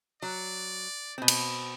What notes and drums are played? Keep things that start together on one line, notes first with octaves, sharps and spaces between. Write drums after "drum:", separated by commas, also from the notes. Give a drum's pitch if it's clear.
F#3 D5
B2 C4
drum: cymbal